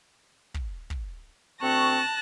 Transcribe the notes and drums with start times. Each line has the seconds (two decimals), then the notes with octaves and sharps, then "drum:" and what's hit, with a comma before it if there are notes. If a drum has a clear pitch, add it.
0.54 drum: kick
0.90 drum: kick
1.61 D2 C4 A5 C#6 F#6 A#6